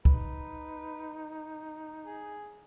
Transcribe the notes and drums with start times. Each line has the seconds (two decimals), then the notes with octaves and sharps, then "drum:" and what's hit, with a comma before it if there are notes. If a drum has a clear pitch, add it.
0.05 D#4 B4, drum: kick C#2
2.06 G#4